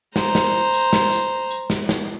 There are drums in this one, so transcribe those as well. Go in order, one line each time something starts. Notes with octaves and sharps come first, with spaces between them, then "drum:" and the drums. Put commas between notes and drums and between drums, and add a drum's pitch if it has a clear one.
C5 A#5, drum: snare
drum: snare
drum: tambourine
drum: snare
drum: tambourine
drum: tambourine
drum: snare
drum: snare